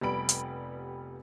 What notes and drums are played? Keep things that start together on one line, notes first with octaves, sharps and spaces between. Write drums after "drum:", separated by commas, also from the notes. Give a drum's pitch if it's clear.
F1 G3 B3 B5 D7
drum: hi-hat